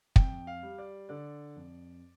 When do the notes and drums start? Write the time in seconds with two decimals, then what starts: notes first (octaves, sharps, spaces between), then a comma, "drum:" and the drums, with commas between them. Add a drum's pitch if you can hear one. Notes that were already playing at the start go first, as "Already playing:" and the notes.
0.16 F2 G5, drum: kick
0.47 F5
0.63 G3
0.78 D5
1.09 D3 D5
1.56 F2